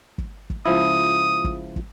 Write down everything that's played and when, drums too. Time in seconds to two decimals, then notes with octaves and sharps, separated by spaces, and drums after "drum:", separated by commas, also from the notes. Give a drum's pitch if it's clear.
0.18 drum: kick
0.50 drum: kick
0.66 C#2 F3 E4 D#6
1.44 drum: kick
1.76 drum: kick